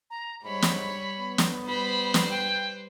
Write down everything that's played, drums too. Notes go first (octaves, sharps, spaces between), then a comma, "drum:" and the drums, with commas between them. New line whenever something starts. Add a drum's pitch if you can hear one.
A#5
G#2 G3 C#5 B5
drum: snare
B3
drum: snare
G3 B4 C5 B5
drum: snare
G5